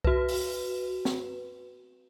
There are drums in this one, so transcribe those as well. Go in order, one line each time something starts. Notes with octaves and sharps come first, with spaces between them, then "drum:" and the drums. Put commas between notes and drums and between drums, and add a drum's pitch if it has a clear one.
F#4 B4, drum: kick C2
drum: open hi-hat
drum: snare